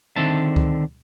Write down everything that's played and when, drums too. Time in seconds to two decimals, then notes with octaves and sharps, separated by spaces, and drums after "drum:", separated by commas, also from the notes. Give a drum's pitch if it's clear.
0.16 D3 D#3 C4 D4 E5 A5
0.56 drum: kick C#2